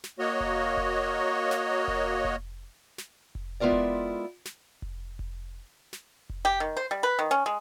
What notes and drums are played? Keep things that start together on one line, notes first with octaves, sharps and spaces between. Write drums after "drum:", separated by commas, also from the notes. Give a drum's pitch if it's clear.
drum: snare
A#3 F#4 C#5 D#5
drum: kick F1
drum: kick F1
drum: snare
drum: kick F1
drum: kick F1
drum: snare
drum: kick F1
G#3 B3 E4 F4 A#4 D5
drum: kick F1
drum: snare
drum: kick F1
drum: kick F1
drum: snare
drum: kick F1
G4
D#3
C5
G3
B4
D#3
C#4
G#3